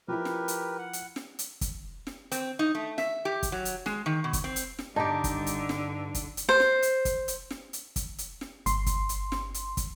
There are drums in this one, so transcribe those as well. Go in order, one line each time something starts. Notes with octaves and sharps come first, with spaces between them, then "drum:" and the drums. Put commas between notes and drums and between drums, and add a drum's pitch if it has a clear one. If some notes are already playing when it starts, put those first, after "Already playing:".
F3 E4 G4 A#4 B4
drum: snare
drum: hi-hat
F#5
drum: hi-hat
drum: snare
drum: hi-hat
drum: kick, hi-hat
drum: snare
C4, drum: hi-hat
D#4
A3
E5, drum: snare
G4
drum: kick, hi-hat
F#3
drum: hi-hat
G#3, drum: snare
D#3
B2
drum: kick, hi-hat
C4
drum: hi-hat
drum: snare
G2 D3 D#4 G4 A5
drum: kick, hi-hat
drum: hi-hat
drum: snare
drum: kick, hi-hat
drum: hi-hat
C5
drum: snare
drum: hi-hat
drum: kick, hi-hat
drum: hi-hat
drum: snare
drum: hi-hat
drum: kick, hi-hat
drum: hi-hat
drum: snare
G1 C6, drum: hi-hat
drum: kick, hi-hat
drum: hi-hat
drum: snare
drum: hi-hat
drum: kick, hi-hat